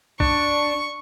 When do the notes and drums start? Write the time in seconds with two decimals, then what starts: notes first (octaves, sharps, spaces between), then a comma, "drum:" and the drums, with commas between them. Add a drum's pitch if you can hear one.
0.20 D4 C#6, drum: kick